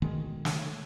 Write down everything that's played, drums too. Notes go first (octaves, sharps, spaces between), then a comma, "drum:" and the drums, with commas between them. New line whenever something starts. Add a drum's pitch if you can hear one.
B2 D3 D#3 G#3
drum: snare